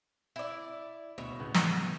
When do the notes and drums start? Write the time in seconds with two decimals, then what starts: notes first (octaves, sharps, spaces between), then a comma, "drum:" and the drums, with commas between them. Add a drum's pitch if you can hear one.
0.36 E4 D5
1.18 D2 B2 C#5 E5
1.39 A2 C#3 B3
1.54 drum: snare